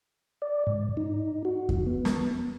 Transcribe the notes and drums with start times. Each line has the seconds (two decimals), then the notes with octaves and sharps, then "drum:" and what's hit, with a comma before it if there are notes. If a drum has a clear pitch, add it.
0.42 D5
0.67 G#2
0.97 D#4
1.45 F#4
1.69 drum: kick F2
1.87 B3
2.05 drum: snare